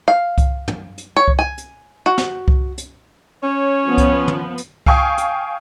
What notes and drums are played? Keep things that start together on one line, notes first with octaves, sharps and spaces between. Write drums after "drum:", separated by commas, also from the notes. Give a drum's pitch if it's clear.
F5
drum: kick C2, hi-hat
drum: tom
drum: hi-hat
C#5
drum: kick C2
G#5
drum: hi-hat
F#4
drum: snare
drum: kick C2
drum: hi-hat
C#4 C#5
F3 B3
drum: kick C2, hi-hat
drum: tom
drum: hi-hat
F5 G5 G#5 C#6 D#6, drum: kick C2
drum: hi-hat